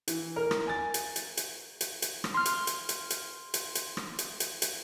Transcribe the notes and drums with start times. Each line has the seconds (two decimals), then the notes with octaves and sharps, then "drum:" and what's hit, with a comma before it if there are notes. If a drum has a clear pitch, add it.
0.08 E3, drum: hi-hat
0.36 A#4
0.51 drum: rim click
0.67 G#5 A6
0.94 drum: hi-hat
1.16 drum: hi-hat
1.37 drum: hi-hat
1.81 drum: hi-hat
2.02 drum: hi-hat
2.24 drum: rim click
2.34 C6 F6
2.46 drum: hi-hat
2.67 drum: hi-hat
2.89 drum: hi-hat
3.10 drum: hi-hat
3.54 drum: hi-hat
3.75 drum: hi-hat
3.97 drum: rim click
4.19 drum: hi-hat
4.40 drum: hi-hat
4.62 drum: hi-hat